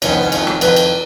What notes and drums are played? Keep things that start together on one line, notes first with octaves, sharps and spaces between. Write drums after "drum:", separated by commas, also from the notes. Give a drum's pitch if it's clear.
F2 D#3 C#4, drum: cymbal
B3
C#4
F2 D#3, drum: cymbal
drum: rim click
F2 D#3 B4, drum: cymbal
drum: cymbal